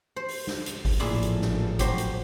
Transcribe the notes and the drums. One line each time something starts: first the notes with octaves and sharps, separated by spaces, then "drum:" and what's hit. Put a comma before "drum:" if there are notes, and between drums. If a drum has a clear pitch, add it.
C5
drum: open hi-hat
drum: snare
drum: hi-hat
drum: kick G1, open hi-hat
A1 A#2 F3 E4 G#4
drum: hi-hat
drum: snare
F#3 G4 C5, drum: kick G1, hi-hat
drum: hi-hat